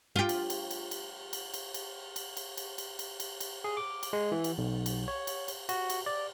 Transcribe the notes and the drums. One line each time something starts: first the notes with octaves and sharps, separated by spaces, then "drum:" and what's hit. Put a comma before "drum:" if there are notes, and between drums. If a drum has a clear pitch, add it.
F4 G4
drum: cymbal
drum: cymbal
drum: cymbal
drum: cymbal
drum: cymbal
drum: cymbal
drum: cymbal
drum: cymbal
drum: cymbal
drum: cymbal
drum: cymbal
drum: cymbal
drum: cymbal
drum: cymbal
G#4
D6
drum: cymbal
G#3
E3
drum: cymbal
B1
drum: cymbal
C#5
drum: cymbal
drum: cymbal
F#4, drum: cymbal
drum: cymbal
D5